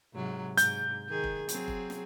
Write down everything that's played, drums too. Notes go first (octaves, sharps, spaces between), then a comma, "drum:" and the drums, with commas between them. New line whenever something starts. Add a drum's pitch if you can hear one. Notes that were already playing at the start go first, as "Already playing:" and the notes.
G#2 C3 F#3
G#2 G6, drum: hi-hat
D#3 G#4
drum: kick
F#3 C4 G#4, drum: hi-hat
drum: kick
drum: snare